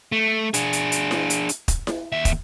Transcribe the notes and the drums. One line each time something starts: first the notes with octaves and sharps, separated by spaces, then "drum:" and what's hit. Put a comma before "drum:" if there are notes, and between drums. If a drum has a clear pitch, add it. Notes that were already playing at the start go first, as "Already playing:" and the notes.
A3
D4 G#4, drum: hi-hat
drum: hi-hat
drum: hi-hat
drum: snare E4
drum: hi-hat
drum: hi-hat
drum: kick, hi-hat
drum: snare E4
D#2 E5
drum: kick, hi-hat